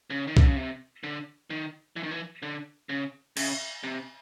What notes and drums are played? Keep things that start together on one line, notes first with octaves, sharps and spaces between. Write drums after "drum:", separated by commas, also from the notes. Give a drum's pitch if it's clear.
C#3
D#3
D3, drum: kick C2
C#3
C3
D3
D#3
E3
D#3
E3
D3
C#3
C#3, drum: cymbal
C3